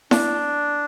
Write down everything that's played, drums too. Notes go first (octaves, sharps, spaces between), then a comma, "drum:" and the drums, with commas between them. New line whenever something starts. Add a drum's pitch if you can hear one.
D4, drum: snare E4